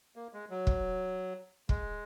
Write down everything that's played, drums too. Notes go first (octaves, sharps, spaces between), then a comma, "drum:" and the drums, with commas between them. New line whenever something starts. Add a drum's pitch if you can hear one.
A#3
G#3
F#3
drum: kick
G#3, drum: kick